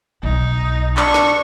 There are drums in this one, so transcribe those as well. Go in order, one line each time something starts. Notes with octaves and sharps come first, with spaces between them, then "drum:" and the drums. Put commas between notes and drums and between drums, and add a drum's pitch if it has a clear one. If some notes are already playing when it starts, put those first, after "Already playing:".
B1 D#4
D4 C#6, drum: clap
drum: snare